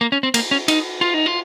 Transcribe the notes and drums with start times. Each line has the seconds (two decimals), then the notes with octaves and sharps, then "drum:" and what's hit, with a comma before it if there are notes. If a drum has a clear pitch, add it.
0.01 A#3
0.12 C#4
0.23 C4
0.34 A#3, drum: cymbal
0.51 C#4
0.68 D#4, drum: cymbal
1.01 F4
1.14 D#4
1.26 F4